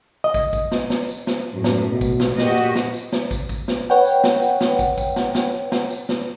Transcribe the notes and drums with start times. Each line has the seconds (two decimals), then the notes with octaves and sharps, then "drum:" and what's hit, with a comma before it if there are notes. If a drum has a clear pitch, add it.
0.24 D#5
0.34 drum: kick, tambourine
0.53 drum: kick, tambourine
0.71 drum: snare
0.90 drum: snare
1.09 drum: tambourine
1.27 drum: snare
1.54 F#2 A2
1.64 drum: snare
1.91 B2
2.01 drum: kick, tambourine
2.20 drum: snare
2.38 A#2 F#4 G4 D#5, drum: snare
2.57 drum: tambourine
2.75 drum: snare
2.94 drum: tambourine
3.12 drum: snare
3.31 drum: kick, tambourine
3.49 drum: kick, tambourine
3.68 drum: snare
3.90 B4 C#5 F#5 G5
4.05 drum: tambourine
4.24 drum: snare
4.42 drum: tambourine
4.61 drum: snare
4.79 drum: kick, tambourine
4.98 drum: kick, tambourine
5.16 drum: snare
5.35 drum: snare
5.72 drum: snare
5.90 drum: tambourine
6.09 drum: snare